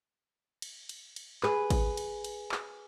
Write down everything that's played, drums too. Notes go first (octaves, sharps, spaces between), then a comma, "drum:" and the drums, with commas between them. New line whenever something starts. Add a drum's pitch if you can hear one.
drum: cymbal
drum: cymbal
drum: cymbal
G#4 B4, drum: clap
drum: kick G#1, cymbal
drum: cymbal
drum: cymbal
drum: clap